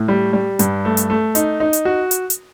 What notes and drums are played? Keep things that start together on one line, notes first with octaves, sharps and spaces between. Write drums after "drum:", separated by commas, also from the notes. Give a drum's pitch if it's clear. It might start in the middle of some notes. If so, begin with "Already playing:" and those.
Already playing: A2
G3
G3
G2, drum: hi-hat
A3
drum: hi-hat
A3
D#4, drum: hi-hat
D#4
drum: hi-hat
F#4
drum: hi-hat
drum: hi-hat